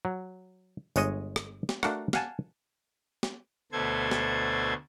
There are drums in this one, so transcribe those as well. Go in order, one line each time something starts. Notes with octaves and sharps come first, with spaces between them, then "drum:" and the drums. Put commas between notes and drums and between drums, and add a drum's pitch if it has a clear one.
F#3
G1 G#3 C#5 D#5, drum: tambourine
drum: rim click
drum: snare
A3 D4 F#4 A#4 F5 F#5, drum: rim click
F5 F#5 G#5 A5, drum: snare
drum: snare
D2 B2 A3 A4 C5 G#6
drum: snare